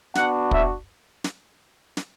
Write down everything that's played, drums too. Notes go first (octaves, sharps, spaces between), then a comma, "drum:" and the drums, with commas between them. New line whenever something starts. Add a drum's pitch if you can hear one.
B3 D4 F#4 F#5, drum: snare
E5, drum: kick
drum: snare
drum: snare